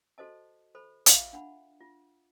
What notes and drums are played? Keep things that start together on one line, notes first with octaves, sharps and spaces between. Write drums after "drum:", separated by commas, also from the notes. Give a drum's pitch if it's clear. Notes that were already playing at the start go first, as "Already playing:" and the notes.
F#4 A4 C5 D#5 A5
A4 C5 B5
F4 E5 F5, drum: hi-hat
D4 F#5 B5
F4